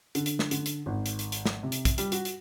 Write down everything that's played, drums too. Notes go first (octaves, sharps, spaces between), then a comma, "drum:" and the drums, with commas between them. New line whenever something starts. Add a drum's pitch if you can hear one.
D3, drum: hi-hat
drum: hi-hat
drum: snare
D3, drum: hi-hat
drum: hi-hat
G#1
drum: hi-hat
drum: hi-hat
drum: hi-hat
drum: snare
C3
drum: hi-hat
drum: kick, hi-hat
G3, drum: hi-hat
F#4, drum: hi-hat
drum: hi-hat